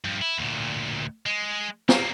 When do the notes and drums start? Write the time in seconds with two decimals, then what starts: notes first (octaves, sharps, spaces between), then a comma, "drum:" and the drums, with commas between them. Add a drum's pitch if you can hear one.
0.05 G2 F3
0.22 E4
0.39 D2 A#2
1.26 G#3
1.89 G3 A#3, drum: snare